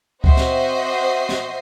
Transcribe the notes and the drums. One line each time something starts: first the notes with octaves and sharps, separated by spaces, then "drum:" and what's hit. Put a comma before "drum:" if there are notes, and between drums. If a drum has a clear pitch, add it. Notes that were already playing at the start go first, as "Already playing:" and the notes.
C4 F#4 C5 D#5 E5 C7, drum: kick C#2
drum: snare
drum: snare